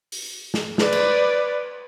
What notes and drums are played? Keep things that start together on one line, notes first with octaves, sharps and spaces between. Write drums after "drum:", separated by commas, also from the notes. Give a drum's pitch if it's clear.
drum: open hi-hat
drum: snare
B4 D5, drum: snare
drum: cymbal